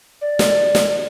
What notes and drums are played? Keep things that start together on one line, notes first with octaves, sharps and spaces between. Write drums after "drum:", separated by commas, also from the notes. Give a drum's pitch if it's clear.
D5
drum: snare
drum: snare